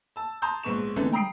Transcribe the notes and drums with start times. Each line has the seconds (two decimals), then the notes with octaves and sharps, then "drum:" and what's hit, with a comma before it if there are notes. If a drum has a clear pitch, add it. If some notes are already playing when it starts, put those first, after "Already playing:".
0.16 A5 E6
0.42 A5 A#5 C6 D#6 G6
0.63 A#1 G#2 B3 C#6 E7
0.96 D3 E3 A3 D#4 A4, drum: tom
1.13 G5 A#5 B5 D#6 C7 D7